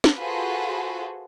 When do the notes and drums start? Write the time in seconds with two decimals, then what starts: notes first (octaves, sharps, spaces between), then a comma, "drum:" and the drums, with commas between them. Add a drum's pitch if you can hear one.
0.04 drum: snare
0.17 F4 F#4 G#4 A4 B4 C5